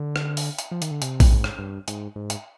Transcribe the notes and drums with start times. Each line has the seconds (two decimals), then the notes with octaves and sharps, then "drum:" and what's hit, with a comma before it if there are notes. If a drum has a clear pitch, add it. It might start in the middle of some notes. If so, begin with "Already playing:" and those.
Already playing: D3
0.16 drum: rim click
0.37 drum: open hi-hat
0.58 drum: hi-hat
0.71 F3
0.82 D#3, drum: hi-hat
0.91 D3
1.02 C3, drum: hi-hat
1.20 A#2, drum: kick A#1, open hi-hat
1.29 G#2
1.44 drum: rim click
1.59 G2
1.88 G#2, drum: hi-hat
2.16 G#2
2.30 drum: hi-hat